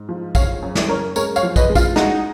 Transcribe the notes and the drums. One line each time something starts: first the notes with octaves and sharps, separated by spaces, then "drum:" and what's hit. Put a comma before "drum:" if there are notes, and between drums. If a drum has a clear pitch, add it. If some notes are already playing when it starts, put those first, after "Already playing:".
Already playing: G#2
F3
C#3 C#5 F5, drum: kick, tambourine
F#2
drum: snare
F#2 A#4 C#5
G#3 A#4 C#5, drum: tambourine
C#5 F5, drum: tambourine
F3
B4 D#5, drum: kick, tambourine
G#3
F4, drum: kick, tambourine
G#3 D#4 F#4, drum: snare